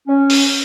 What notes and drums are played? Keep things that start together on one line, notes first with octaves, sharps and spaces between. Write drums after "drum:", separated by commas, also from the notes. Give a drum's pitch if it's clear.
C#4
drum: open hi-hat